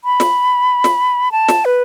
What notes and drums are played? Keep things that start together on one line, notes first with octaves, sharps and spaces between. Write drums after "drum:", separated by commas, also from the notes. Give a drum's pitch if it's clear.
B5
drum: snare
drum: snare
A5
drum: snare
B4